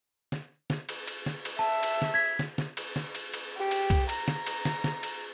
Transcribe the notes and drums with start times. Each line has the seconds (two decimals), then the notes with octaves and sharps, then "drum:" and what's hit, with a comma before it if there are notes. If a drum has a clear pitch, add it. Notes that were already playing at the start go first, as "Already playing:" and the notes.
0.32 drum: snare
0.70 drum: snare
0.89 drum: cymbal
1.07 drum: cymbal
1.26 drum: snare
1.45 drum: cymbal
1.59 E5 A5
1.83 drum: cymbal
2.02 drum: snare
2.14 G#6 B6
2.39 drum: snare
2.58 drum: snare
2.77 drum: cymbal
2.96 drum: snare
3.15 drum: cymbal
3.34 drum: cymbal
3.57 G4
3.71 drum: cymbal
3.90 drum: kick, cymbal
4.09 A#5, drum: cymbal
4.28 drum: snare
4.47 drum: cymbal
4.65 drum: snare
4.84 drum: snare
5.03 drum: cymbal